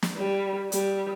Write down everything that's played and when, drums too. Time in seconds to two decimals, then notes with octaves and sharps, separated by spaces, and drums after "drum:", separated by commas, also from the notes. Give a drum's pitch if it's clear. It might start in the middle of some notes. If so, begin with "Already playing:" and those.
0.03 drum: snare
0.17 G3
0.72 G3, drum: hi-hat